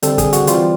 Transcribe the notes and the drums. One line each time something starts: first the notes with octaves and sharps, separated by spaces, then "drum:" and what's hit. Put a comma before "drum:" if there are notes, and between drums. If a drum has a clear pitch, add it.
D3 G3 C4 A4, drum: hi-hat
G#4, drum: kick, hi-hat
F#4, drum: hi-hat
E3 G3 C4 F4, drum: hi-hat